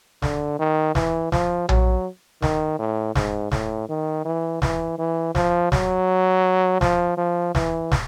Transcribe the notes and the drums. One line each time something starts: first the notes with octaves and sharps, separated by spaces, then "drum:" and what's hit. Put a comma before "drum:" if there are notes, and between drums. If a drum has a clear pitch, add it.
D3, drum: snare
D#3
E3, drum: snare
F3, drum: snare
F#3, drum: tom A#1
D#3, drum: snare
A2
G#2, drum: snare
A2, drum: snare
D#3
E3
E3, drum: snare
E3
F3, drum: snare
F#3, drum: snare
F3, drum: snare
F3
E3, drum: snare
drum: snare